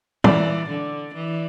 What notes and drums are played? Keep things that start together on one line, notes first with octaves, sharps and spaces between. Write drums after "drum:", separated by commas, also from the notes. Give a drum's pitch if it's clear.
E3 D5, drum: tom
D3
E3